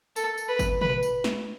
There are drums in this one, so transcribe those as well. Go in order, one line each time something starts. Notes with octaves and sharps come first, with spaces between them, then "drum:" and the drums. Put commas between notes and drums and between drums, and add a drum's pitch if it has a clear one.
A4, drum: tambourine
drum: tambourine
B4
drum: kick G1, tambourine
B4, drum: tom
drum: tambourine
drum: snare